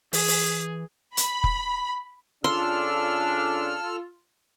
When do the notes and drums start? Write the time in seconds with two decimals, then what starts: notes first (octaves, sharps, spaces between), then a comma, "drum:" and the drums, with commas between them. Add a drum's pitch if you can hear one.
0.13 E3 G#4, drum: open hi-hat
0.28 drum: open hi-hat
1.17 B5, drum: hi-hat
1.44 drum: kick F1
2.44 C#3 D4 F4 A4 C6 E6 F6